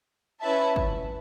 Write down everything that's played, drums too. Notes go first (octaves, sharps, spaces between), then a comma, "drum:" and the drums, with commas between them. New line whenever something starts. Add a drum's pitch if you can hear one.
C#4 E4 B4 E5 A5
drum: kick